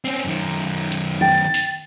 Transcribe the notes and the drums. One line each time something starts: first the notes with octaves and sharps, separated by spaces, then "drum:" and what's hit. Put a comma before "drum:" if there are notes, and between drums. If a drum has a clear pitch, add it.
C4 C#4
F#2 D#3
drum: hi-hat
G5 A6
drum: open hi-hat